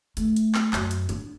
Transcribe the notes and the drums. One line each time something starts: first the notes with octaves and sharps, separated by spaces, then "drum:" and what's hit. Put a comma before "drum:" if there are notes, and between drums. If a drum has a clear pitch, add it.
A3, drum: hi-hat
drum: hi-hat
drum: clap
F#2, drum: clap
drum: hi-hat
D4, drum: hi-hat